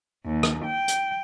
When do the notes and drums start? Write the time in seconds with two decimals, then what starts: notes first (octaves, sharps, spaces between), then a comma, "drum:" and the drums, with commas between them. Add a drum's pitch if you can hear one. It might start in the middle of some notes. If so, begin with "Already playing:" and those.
0.25 D#2
0.43 drum: rim click
0.66 G5
0.88 drum: hi-hat